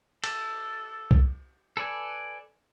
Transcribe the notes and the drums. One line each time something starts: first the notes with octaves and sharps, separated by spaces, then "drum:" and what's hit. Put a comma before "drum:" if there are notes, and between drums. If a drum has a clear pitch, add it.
A4, drum: cymbal
drum: kick
A4 B4 D5 G#5